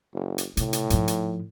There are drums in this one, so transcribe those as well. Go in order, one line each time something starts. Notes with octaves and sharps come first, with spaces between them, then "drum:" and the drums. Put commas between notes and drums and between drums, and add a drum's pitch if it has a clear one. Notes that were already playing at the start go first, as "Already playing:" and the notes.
F#1
drum: hi-hat
A2 C3, drum: hi-hat
drum: hi-hat
G#2 F3, drum: hi-hat
drum: hi-hat